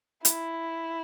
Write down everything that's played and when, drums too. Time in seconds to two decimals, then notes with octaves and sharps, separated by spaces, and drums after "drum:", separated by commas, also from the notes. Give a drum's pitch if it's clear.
0.25 E4, drum: hi-hat